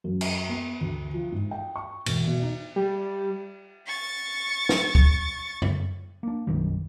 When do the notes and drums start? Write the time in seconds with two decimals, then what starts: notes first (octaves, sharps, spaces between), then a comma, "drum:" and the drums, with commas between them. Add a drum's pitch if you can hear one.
0.04 F#2
0.21 drum: cymbal
0.49 B3
0.81 D2
1.14 F3
1.32 G#2
1.51 G5
1.76 C#6
2.06 E1, drum: cymbal
2.27 B2
2.42 D#4
2.76 G3
3.87 C#6 A6
4.69 drum: snare
4.95 drum: kick
5.62 drum: tom F#2
6.23 A#3 D4
6.47 B1 F#2 D#3 G3